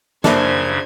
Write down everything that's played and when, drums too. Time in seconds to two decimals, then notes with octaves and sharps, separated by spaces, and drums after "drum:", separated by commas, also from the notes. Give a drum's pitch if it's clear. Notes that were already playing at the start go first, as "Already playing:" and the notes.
0.24 F#2 C#3 A#3 D4 E4 A4 C5 G#6, drum: snare